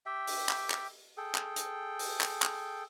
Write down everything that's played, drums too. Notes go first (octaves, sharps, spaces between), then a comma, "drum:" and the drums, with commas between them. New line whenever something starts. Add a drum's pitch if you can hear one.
G4 E5 G5
drum: open hi-hat
drum: clap
drum: clap
G#4 A4 G5
drum: clap
drum: hi-hat
drum: open hi-hat
drum: clap
drum: clap